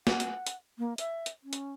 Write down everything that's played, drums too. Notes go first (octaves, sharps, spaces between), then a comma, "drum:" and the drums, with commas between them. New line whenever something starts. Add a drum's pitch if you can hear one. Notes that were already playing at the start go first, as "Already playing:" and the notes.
F#5, drum: snare A#3
drum: hi-hat
drum: hi-hat
A#3
E5, drum: hi-hat
drum: hi-hat
C#4
drum: hi-hat